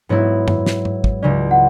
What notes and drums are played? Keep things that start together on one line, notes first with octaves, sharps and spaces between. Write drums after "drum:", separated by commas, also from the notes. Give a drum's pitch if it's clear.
G#2 F#3 B3 E4 C#5
drum: tom F#2
drum: snare
drum: tom
drum: kick
C#2 C#3 F#3 C#4 D5
F#5